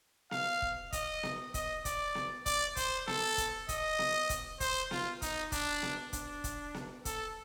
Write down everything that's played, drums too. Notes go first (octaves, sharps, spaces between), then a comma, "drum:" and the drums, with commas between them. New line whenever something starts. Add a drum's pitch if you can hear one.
F5, drum: snare B3
drum: kick
D#5, drum: kick, hi-hat
drum: snare B3
D#5, drum: kick, hi-hat
D5, drum: kick, hi-hat
drum: snare B3
D5, drum: kick, hi-hat
C5, drum: kick, hi-hat
A4, drum: snare B3
drum: kick, hi-hat
D#5, drum: kick, hi-hat
drum: snare B3
drum: kick, hi-hat
C5, drum: kick, hi-hat
F4, drum: snare B3
D#4, drum: kick, hi-hat
D4, drum: kick, hi-hat
drum: snare B3
D4, drum: kick, hi-hat
drum: kick, hi-hat
drum: snare B3
A4, drum: kick, hi-hat